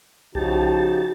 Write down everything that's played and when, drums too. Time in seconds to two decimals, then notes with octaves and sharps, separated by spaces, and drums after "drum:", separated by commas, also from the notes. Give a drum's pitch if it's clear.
0.35 C#3 F3 D#4 F#4 G4 A5, drum: kick B1